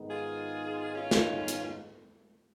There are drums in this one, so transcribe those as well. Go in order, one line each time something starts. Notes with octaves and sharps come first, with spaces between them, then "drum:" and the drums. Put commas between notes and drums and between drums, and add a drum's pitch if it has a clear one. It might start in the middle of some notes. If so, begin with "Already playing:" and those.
Already playing: G#2 D#3 G#3 B3 D#4
F4 G#4
C#4 F4
drum: snare
drum: hi-hat